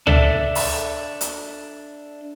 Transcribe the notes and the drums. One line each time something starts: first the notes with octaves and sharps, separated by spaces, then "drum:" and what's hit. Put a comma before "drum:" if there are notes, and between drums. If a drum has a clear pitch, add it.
D4 A4 D5 E5, drum: tom C#2
drum: open hi-hat
drum: hi-hat